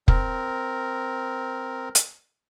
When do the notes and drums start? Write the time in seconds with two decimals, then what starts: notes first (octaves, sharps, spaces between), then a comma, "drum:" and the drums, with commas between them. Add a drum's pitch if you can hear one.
0.08 C4 A#4, drum: kick
1.95 drum: hi-hat